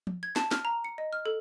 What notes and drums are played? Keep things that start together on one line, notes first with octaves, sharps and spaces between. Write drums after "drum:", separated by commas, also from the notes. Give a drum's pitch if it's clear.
drum: tom
G#6
A5, drum: snare
F6, drum: snare
A#5
C#7
D#5
F6
A4